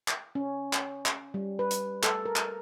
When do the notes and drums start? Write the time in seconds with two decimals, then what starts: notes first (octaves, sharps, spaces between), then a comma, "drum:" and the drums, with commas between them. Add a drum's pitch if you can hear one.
0.08 drum: clap
0.35 C#4
0.73 drum: clap
1.06 drum: clap
1.34 G3
1.59 B4
1.71 drum: hi-hat
2.03 A4, drum: clap
2.26 A#4
2.36 drum: clap